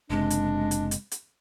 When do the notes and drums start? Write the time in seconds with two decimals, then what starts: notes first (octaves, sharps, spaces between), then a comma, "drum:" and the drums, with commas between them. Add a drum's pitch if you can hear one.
0.10 F#1 C3 G#3 D4
0.30 drum: hi-hat
0.71 drum: hi-hat
0.91 drum: hi-hat
1.11 drum: hi-hat